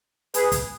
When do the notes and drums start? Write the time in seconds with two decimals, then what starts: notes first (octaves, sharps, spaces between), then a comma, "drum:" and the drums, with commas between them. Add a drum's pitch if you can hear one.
0.34 G#4 B4, drum: hi-hat
0.52 drum: kick, hi-hat